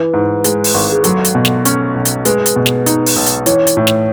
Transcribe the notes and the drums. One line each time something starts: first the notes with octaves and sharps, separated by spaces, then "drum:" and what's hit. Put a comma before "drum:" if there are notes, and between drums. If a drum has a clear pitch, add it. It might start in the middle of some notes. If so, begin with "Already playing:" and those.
Already playing: E3 B4
G#2
G#3, drum: hi-hat
drum: open hi-hat
G#1
G#4
F#3 A4, drum: hi-hat
drum: hi-hat
B2
drum: snare
C#4, drum: hi-hat
B1
drum: hi-hat
G#3 B4, drum: hi-hat
drum: hi-hat
B2
drum: snare
D#4, drum: hi-hat
drum: open hi-hat
B1
drum: hi-hat
E3 C#5, drum: hi-hat
drum: hi-hat
A2
drum: snare